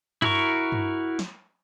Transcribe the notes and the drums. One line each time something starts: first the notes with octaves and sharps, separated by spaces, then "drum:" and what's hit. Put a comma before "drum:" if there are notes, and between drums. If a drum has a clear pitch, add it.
E4 F#4 A#4 C#6, drum: tom G2
drum: tom G2
drum: snare